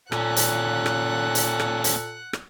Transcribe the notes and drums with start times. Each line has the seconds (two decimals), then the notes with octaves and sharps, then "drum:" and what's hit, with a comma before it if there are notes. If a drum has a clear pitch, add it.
0.12 D#2 A#2 C#4 A4 F#5 F#6, drum: rim click
0.36 drum: hi-hat
0.86 drum: rim click
1.35 drum: hi-hat
1.59 drum: rim click
1.84 drum: hi-hat
2.33 drum: rim click